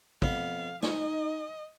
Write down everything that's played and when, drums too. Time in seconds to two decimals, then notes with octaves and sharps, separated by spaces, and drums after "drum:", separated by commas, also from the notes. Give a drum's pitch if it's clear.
0.22 F2 B3 F5, drum: kick
0.83 D#4 D#5 G#5, drum: snare